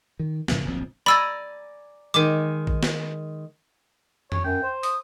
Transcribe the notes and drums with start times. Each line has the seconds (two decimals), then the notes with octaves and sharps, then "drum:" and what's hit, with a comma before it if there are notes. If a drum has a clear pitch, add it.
0.20 D#3
0.48 G#2 C#3 F3 A3, drum: snare
0.65 D1 A#1 F3 C4
1.06 D5 G#5 A#5 B5 E6 A6
2.14 D#3 G#3 D6
2.67 drum: kick A1
2.83 drum: snare
4.32 C#5, drum: tom F2
4.44 F#2 G5
4.63 C5
4.83 D#6, drum: open hi-hat